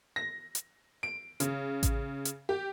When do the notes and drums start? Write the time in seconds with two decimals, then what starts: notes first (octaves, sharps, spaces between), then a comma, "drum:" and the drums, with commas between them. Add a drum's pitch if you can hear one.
0.16 A#6
0.55 drum: hi-hat
1.03 D7
1.40 C#3, drum: hi-hat
1.83 drum: kick A1, hi-hat
2.25 drum: hi-hat
2.49 G4